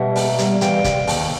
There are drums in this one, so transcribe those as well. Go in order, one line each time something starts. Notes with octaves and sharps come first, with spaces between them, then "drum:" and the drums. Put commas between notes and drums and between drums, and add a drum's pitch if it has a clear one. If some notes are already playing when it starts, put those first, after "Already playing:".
Already playing: B2 G3 E5 F#5
A#3, drum: open hi-hat
G3, drum: hi-hat
E3 F5 G5, drum: hi-hat
C3, drum: kick, hi-hat
D#2, drum: open hi-hat